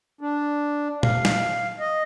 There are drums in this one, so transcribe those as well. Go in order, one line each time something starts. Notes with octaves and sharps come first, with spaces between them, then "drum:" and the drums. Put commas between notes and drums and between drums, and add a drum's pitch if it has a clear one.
D4
F5, drum: tom A#2
drum: snare
D#5